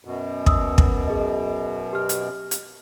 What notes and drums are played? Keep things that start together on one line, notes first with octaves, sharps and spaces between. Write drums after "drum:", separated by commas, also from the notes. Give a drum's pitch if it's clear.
F#2 B2
D#6 E6, drum: kick
drum: kick
G#4 D#5
G4 F6
drum: hi-hat
drum: hi-hat